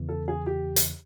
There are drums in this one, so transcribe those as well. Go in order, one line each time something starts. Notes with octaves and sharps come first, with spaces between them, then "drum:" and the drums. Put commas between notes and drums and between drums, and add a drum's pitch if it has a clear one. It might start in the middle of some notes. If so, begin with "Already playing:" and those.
Already playing: E2 C#3 E3
A4
G#4
G4
drum: hi-hat